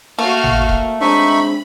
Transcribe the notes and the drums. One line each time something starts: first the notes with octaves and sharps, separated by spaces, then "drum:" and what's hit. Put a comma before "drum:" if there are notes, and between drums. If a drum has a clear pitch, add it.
A3 A#3 F#4 F5 F6
drum: tom G#1
drum: kick D#1
G#3 C4 D4 D#4 E5 B5 C#6